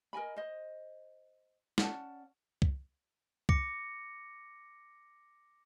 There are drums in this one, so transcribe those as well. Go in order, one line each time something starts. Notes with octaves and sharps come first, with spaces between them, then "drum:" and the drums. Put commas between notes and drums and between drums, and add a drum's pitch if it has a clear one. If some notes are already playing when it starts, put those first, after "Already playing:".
A#4 D#5 G#5 B5
C5 D#5
C#4 D5 F#5 A5, drum: snare
drum: kick
D6 A#6 C#7, drum: kick